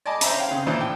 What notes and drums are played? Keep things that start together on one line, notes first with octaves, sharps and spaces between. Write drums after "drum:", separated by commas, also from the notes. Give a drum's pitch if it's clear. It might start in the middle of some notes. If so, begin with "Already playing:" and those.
D5 D#5 G#5 A5 B5
C5 E5 A#5 B5, drum: hi-hat
C#4 F5 G5
C#3 C4
A#2 E3 D4 E4 C5 D5
A2 G5